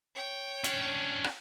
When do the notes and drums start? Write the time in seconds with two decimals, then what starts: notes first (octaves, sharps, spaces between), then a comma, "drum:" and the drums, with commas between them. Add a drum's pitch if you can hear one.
0.15 C#5 G5
0.64 C#4 D4, drum: hi-hat
1.24 drum: rim click